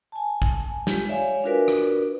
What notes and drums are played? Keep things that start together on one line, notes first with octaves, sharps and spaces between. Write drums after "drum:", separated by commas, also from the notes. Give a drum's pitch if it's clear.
G#5 A5
drum: kick
G#3 F4 G4, drum: snare
C#5 D5 E5 F5 G#5
D4 F4 F#4 A#4 B4 D5
drum: rim click